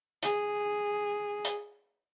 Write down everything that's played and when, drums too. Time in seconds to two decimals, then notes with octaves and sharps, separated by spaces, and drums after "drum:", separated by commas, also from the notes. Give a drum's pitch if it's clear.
0.23 G#4, drum: hi-hat
1.45 drum: hi-hat